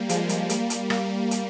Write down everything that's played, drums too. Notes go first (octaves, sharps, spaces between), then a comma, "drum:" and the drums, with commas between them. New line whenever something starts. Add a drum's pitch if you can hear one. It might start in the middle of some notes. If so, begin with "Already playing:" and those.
Already playing: G3 A#3
F3 G#3, drum: hi-hat
drum: hi-hat
G3 A#3, drum: hi-hat
drum: hi-hat
G3 A#3, drum: rim click
drum: hi-hat